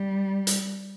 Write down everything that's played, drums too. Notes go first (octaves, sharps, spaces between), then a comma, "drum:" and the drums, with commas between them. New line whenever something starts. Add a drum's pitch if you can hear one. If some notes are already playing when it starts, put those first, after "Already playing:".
Already playing: G3
drum: hi-hat